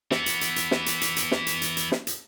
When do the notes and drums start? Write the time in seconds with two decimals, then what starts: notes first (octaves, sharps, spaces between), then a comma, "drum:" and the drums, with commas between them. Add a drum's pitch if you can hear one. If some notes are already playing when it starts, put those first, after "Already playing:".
0.11 E3 B3, drum: snare
0.26 drum: hi-hat
0.41 drum: hi-hat
0.56 drum: hi-hat
0.71 drum: snare
0.86 drum: hi-hat
1.01 drum: hi-hat
1.16 drum: hi-hat
1.32 drum: snare
1.47 drum: hi-hat
1.62 drum: hi-hat
1.77 drum: hi-hat
1.92 drum: snare
2.07 drum: hi-hat